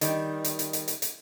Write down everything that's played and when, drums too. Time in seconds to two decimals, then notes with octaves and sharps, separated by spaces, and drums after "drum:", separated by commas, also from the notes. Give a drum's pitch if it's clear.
0.01 D#3 G3, drum: hi-hat
0.44 drum: hi-hat
0.59 drum: hi-hat
0.73 drum: hi-hat
0.88 drum: hi-hat
1.02 drum: hi-hat